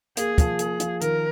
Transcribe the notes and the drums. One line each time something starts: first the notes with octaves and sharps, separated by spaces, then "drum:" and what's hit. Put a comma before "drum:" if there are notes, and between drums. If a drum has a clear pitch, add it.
A#3 G#4, drum: hi-hat
F3, drum: kick, hi-hat
A#3 G#4, drum: hi-hat
F3, drum: hi-hat
D#3 A#4, drum: hi-hat